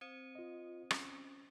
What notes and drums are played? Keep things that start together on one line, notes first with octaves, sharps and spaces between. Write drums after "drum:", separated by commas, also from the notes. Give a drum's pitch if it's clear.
C4 C5
F4 D#5
C#4, drum: rim click